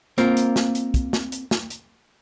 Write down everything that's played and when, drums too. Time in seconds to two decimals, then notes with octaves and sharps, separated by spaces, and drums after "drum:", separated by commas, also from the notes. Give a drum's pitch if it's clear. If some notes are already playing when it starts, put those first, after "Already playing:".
0.18 A#3 C4 F4 A#4, drum: hi-hat
0.37 drum: hi-hat
0.56 drum: snare
0.75 drum: hi-hat
0.94 drum: kick, hi-hat
1.13 drum: snare
1.32 drum: hi-hat
1.51 drum: snare
1.70 drum: hi-hat